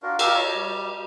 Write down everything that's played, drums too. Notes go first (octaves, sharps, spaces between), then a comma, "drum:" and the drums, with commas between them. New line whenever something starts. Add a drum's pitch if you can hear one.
D4 F4 F#4 A#4
G4 A4 A#4 F5, drum: cymbal
C#5 D#5 A5
G3